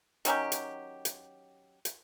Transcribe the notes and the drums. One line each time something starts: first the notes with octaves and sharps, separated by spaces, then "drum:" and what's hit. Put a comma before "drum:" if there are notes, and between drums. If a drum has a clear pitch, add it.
D#3 F#3 C#4 G4, drum: hi-hat
drum: hi-hat
drum: hi-hat
drum: hi-hat